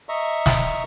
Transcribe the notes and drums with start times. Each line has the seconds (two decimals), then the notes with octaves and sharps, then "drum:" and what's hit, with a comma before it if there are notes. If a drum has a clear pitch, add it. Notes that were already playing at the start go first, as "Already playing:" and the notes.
0.09 D#5 E5 A#5 C#6
0.46 drum: snare